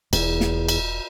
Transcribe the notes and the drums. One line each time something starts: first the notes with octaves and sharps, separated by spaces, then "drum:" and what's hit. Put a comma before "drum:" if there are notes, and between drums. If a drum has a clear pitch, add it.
E1 E2, drum: cymbal
drum: snare
drum: cymbal